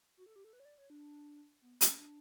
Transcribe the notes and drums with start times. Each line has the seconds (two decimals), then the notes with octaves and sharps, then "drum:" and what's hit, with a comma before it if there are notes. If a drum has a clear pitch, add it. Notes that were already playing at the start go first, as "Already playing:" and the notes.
0.17 F#4
0.26 A4
0.36 G4
0.44 A4
0.53 B4
0.60 C#5
0.65 D5
0.78 C#5
0.90 D4
1.62 B3
1.81 C#4, drum: hi-hat
1.98 D4